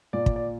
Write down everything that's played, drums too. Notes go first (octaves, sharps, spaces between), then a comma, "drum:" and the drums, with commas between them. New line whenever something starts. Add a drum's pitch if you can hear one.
A#2 D5
drum: kick
D5